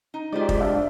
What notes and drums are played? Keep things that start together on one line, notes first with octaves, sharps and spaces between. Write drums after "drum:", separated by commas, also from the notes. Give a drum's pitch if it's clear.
D#4
G#3 F4 G4 C5 D5
drum: kick
D4 E5 F5